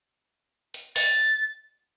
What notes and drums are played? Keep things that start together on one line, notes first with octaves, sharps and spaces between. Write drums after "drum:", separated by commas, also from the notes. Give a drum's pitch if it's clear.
drum: hi-hat
A6, drum: open hi-hat